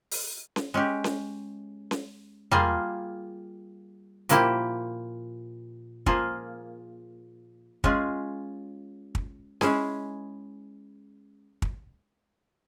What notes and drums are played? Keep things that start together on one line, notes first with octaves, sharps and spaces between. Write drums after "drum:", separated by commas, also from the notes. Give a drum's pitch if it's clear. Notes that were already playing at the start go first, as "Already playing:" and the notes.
drum: open hi-hat
drum: snare C#4
G#3 C#4 G4
drum: snare C#4
drum: snare C#4
G3 A#3 F4 G#4, drum: tom E2
A#2 F3 A#3 E4 G4, drum: hi-hat
F3 A#3 F4 G#4, drum: kick
G#3 C#4 F4 G#4, drum: kick
drum: kick
G#3 C#4 E4 G#4, drum: snare C#4
drum: kick